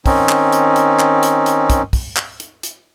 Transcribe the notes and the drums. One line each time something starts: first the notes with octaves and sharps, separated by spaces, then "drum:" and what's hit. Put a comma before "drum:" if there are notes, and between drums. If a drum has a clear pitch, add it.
D#3 C4 C#4 D#4, drum: kick, open hi-hat
drum: clap
drum: hi-hat
drum: hi-hat
drum: clap
drum: hi-hat
drum: hi-hat
drum: kick, hi-hat
drum: kick, open hi-hat
drum: clap
drum: hi-hat
drum: hi-hat